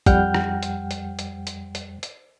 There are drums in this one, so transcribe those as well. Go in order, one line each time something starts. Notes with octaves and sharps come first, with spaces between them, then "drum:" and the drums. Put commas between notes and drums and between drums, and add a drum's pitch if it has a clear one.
F2 G3 F#5 G5 F6 G6, drum: kick, hi-hat
drum: rim click
drum: hi-hat
drum: hi-hat
drum: hi-hat
drum: hi-hat
drum: hi-hat
drum: hi-hat